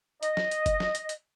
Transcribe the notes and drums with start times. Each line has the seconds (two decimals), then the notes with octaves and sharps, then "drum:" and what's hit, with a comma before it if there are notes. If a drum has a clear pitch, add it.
0.23 D#5, drum: hi-hat
0.37 drum: snare
0.51 drum: hi-hat
0.66 drum: kick, hi-hat
0.80 drum: snare
0.95 drum: hi-hat
1.09 drum: hi-hat